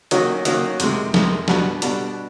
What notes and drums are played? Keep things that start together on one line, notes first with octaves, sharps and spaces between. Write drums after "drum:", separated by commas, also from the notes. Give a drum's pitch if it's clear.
D#3 F#3 A#3 C#4 F#4, drum: hi-hat
D#3 F#3 A#3 C#4 F#4, drum: hi-hat
F2 C3 D#3 G#3, drum: hi-hat
F2 C3 D#3 G#3, drum: snare
B2 G3 B3 D4 F#4, drum: snare
B2 G3 B3 D4 F#4, drum: hi-hat